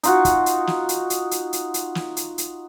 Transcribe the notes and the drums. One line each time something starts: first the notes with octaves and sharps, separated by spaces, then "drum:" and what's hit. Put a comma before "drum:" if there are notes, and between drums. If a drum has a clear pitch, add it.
D#4 F4 F#4, drum: hi-hat
drum: kick, hi-hat
drum: hi-hat
drum: snare
drum: hi-hat
drum: hi-hat
drum: hi-hat
drum: hi-hat
drum: hi-hat
drum: snare
drum: hi-hat
drum: hi-hat